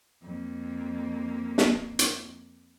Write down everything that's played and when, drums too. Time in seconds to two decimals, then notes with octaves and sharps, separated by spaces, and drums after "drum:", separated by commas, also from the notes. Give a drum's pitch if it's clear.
0.23 F2 A#3
1.58 drum: snare
1.99 drum: hi-hat